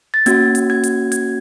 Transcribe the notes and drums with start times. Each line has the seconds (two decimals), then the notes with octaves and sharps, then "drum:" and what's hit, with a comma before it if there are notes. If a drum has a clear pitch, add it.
0.14 A6
0.26 A#3 C#4 F#4 G#6, drum: hi-hat
0.55 drum: hi-hat
0.70 G#6
0.84 drum: hi-hat
1.12 G#6, drum: hi-hat